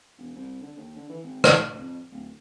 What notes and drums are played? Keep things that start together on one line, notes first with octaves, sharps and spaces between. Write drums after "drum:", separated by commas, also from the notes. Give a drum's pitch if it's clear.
E1
C2
D3
D#2
D3
E3
G#1
drum: rim click
D2
F2
D1